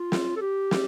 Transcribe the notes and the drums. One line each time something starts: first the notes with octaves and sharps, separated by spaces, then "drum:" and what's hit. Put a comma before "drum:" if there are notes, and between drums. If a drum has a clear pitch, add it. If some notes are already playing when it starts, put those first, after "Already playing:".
Already playing: F4
drum: snare
A4
G4
drum: snare